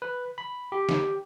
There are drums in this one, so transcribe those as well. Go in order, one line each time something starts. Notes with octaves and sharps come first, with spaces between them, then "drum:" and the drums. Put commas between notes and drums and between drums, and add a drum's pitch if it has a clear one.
B4
B5
G4
drum: snare